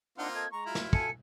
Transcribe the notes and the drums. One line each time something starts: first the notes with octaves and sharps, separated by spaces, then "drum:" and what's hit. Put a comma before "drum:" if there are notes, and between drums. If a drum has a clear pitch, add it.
A#3 C4 D4 D#4 F4 F#5
A4 D#5 G#6
G#3 A#5 C#6
F#3 E4 F4
drum: snare
A4 G#5 C#7, drum: kick